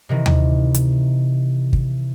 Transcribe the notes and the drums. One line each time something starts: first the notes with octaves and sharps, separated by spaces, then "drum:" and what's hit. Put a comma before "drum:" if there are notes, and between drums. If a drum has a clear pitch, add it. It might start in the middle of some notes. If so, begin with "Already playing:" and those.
C3 D#3 E3
drum: tom
drum: hi-hat
drum: kick